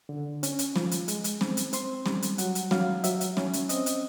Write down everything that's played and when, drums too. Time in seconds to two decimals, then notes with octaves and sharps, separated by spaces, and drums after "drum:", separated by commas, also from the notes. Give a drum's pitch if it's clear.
0.09 D3
0.43 C#4, drum: hi-hat
0.59 drum: hi-hat
0.76 F3, drum: snare
0.91 drum: hi-hat
1.08 G#3, drum: hi-hat
1.24 drum: hi-hat
1.41 C4, drum: snare
1.57 drum: hi-hat
1.73 C4 C6, drum: hi-hat
2.06 G3, drum: snare
2.22 drum: hi-hat
2.38 F#3 F#5, drum: hi-hat
2.55 drum: hi-hat
2.71 F#3 F5, drum: snare
3.04 F#3 E5, drum: hi-hat
3.21 drum: hi-hat
3.37 C#4, drum: snare
3.53 drum: hi-hat
3.69 C4 D#5, drum: hi-hat
3.86 drum: hi-hat